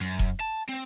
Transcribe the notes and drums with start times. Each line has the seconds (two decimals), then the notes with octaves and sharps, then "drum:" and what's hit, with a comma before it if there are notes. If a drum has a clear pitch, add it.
0.01 F#2
0.19 drum: kick E1
0.40 A5
0.69 C4